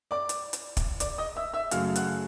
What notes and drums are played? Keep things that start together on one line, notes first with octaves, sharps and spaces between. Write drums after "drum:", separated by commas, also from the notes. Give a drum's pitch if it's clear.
D5 D6
drum: hi-hat
drum: hi-hat
drum: kick, hi-hat
D5 D6, drum: hi-hat
D#5 D#6
E5 E6
E5 E6
F#2 C#3 F#3 A3 F5 F6, drum: hi-hat
F#5 F#6, drum: hi-hat